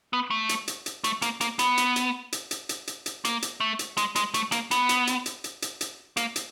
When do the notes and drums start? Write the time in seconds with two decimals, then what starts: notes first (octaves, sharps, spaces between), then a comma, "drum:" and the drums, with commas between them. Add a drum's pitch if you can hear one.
0.13 B3
0.30 A3
0.49 drum: hi-hat
0.68 drum: hi-hat
0.86 drum: hi-hat
1.04 A3, drum: hi-hat
1.22 A#3, drum: hi-hat
1.41 A#3, drum: hi-hat
1.59 B3, drum: hi-hat
1.77 drum: hi-hat
1.96 drum: hi-hat
2.32 drum: hi-hat
2.51 drum: hi-hat
2.69 drum: hi-hat
2.87 drum: hi-hat
3.06 drum: hi-hat
3.25 A#3, drum: hi-hat
3.42 drum: hi-hat
3.60 A3
3.79 drum: hi-hat
3.97 G#3, drum: hi-hat
4.16 G#3, drum: hi-hat
4.34 A3, drum: hi-hat
4.52 A#3, drum: hi-hat
4.71 B3, drum: hi-hat
4.89 drum: hi-hat
5.07 drum: hi-hat
5.26 drum: hi-hat
5.44 drum: hi-hat
5.62 drum: hi-hat
5.81 drum: hi-hat
6.17 A#3, drum: hi-hat
6.36 drum: hi-hat